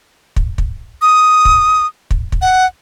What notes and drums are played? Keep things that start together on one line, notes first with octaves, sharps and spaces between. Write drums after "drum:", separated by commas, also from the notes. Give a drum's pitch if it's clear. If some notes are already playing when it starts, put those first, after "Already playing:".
drum: kick
drum: kick
D#6
drum: kick
drum: kick
drum: kick
F#5